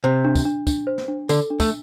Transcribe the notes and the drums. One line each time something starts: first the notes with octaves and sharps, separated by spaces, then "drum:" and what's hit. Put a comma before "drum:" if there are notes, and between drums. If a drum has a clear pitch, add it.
C3 C5
D4
drum: kick, tambourine
D4
D4, drum: kick, tambourine
C5
drum: snare
D4
D3 A4, drum: tambourine
D4
A3, drum: kick, tambourine